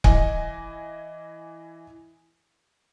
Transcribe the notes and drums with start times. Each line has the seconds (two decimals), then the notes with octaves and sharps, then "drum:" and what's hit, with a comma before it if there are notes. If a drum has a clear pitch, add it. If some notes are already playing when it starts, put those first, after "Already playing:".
0.04 E3 D#5 G#5, drum: kick C#1